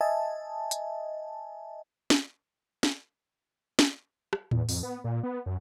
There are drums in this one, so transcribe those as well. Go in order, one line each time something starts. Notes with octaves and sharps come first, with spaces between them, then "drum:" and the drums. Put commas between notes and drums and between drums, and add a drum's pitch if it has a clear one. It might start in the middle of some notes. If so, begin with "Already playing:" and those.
D#5 E5 G#5 A5
drum: hi-hat
drum: snare
drum: snare
drum: snare
drum: rim click
E2, drum: tom A2
F2, drum: open hi-hat
B3
A#2
B3
F#2